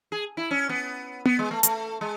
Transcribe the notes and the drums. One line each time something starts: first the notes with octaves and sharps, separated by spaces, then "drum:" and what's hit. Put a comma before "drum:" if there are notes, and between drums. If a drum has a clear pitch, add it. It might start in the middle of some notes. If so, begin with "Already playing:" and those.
G#4
E4
C#4
B3
B3, drum: tom B3
G#3
A3
A3, drum: hi-hat
G#3